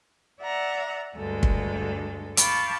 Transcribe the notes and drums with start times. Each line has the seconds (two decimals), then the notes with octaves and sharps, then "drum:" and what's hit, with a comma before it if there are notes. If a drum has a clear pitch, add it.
0.40 D5 E5 F#5 A#5
1.16 D2 G2 G#3 A4
1.43 drum: kick
2.37 F5 G5 A5 B5 C#6 D6, drum: hi-hat